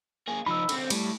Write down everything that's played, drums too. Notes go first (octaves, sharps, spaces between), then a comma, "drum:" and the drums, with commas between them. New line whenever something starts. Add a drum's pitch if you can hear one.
A#3 G#4
F3 D#4 B5 E6
D3 C4, drum: cymbal
A2 G3, drum: cymbal